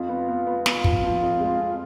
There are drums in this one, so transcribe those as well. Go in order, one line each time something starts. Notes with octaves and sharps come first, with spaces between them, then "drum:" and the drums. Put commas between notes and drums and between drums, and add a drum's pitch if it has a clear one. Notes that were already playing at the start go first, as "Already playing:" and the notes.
Already playing: F2 F4
B3
B3
B3
B3 F4, drum: snare
F3, drum: kick
F3
F2
G#3
F2